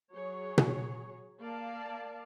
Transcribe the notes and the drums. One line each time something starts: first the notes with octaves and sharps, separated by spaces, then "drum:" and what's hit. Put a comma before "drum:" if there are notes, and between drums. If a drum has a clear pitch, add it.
F#3 G#4 C#5
drum: tom B2
A#3 D5 F5 A5